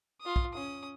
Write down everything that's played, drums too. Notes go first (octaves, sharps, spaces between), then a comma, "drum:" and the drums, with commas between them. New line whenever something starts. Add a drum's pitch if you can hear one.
F4 D#6
drum: kick
C#4 D#6